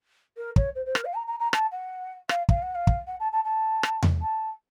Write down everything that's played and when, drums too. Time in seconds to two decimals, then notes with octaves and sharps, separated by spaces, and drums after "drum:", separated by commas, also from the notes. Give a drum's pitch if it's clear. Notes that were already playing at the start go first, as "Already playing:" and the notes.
0.37 A#4
0.56 C#5, drum: kick
0.75 C5
0.86 C5
0.95 A#4, drum: rim click
1.05 F5
1.14 A#5
1.27 A#5
1.39 A#5
1.53 A5, drum: rim click
1.71 F#5
2.29 F5, drum: rim click
2.49 F5, drum: kick
2.62 F#5
2.75 F5
2.87 drum: kick
3.07 F#5
3.20 A5
3.32 A5
3.44 A5
3.83 drum: rim click
4.03 drum: tom E2
4.22 A5